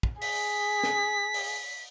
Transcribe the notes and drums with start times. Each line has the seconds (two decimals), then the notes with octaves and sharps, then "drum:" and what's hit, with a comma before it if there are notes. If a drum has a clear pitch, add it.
0.03 drum: kick
0.21 G#4 B6, drum: open hi-hat
0.83 drum: snare
1.34 drum: open hi-hat